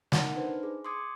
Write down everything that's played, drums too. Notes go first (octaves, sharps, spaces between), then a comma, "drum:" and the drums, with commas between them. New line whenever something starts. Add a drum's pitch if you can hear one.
B3 D#4 A#4 F#5, drum: snare
D4 D#4 B4 C5
G#4
C6 D6 D#6 G#6 C#7